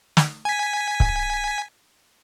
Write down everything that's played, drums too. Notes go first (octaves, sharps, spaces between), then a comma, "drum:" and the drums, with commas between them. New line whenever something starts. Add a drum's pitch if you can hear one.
drum: snare
G#5 B6
drum: kick C#1